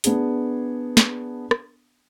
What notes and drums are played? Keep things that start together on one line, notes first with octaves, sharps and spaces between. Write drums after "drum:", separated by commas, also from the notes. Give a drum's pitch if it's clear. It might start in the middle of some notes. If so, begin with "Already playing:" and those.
B3 D4 G#4, drum: hi-hat
drum: snare
drum: rim click